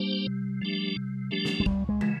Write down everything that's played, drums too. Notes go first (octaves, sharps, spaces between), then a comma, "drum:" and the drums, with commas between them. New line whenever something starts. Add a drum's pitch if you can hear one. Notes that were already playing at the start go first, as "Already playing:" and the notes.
Already playing: G3 A#3 D4 G4 C5
C3
F3 A3 D4 G4
C3
F3 A3 D4 G4
drum: snare
G#3
C#2 G3, drum: kick
G#3
C#3 E3, drum: tom